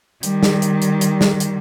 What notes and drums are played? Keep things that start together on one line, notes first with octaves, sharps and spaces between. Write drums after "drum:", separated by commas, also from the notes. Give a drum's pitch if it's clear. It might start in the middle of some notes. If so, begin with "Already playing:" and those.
D#3 G3, drum: hi-hat
drum: snare
drum: hi-hat
drum: hi-hat
drum: hi-hat
drum: snare
drum: hi-hat